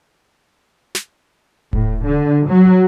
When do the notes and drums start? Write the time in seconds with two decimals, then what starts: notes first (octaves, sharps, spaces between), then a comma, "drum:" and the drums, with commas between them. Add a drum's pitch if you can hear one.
0.95 drum: snare
1.73 A2, drum: kick D#1
2.05 D3
2.48 F#3